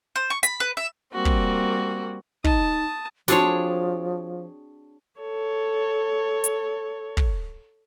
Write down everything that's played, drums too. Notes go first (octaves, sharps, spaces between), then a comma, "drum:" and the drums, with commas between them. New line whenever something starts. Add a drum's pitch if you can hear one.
C5
C#6
B5, drum: hi-hat
B4
E5
G3 A#3 C4 F#4
drum: kick
D#4 A5 D#6, drum: kick
F3 C4 D4 F#4 G#4 A4 C#5, drum: snare
A4 C#5
drum: hi-hat
drum: kick